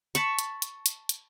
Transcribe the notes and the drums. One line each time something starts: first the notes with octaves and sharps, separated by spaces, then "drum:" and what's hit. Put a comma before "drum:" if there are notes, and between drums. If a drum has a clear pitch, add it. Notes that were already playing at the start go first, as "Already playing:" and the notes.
A5 B5 C#6, drum: hi-hat
drum: hi-hat
drum: hi-hat
drum: hi-hat
drum: hi-hat